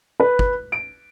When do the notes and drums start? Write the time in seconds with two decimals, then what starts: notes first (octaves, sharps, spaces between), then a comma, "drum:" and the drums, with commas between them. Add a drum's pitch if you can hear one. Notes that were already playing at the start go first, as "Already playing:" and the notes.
0.20 B4
0.39 drum: kick
0.72 D7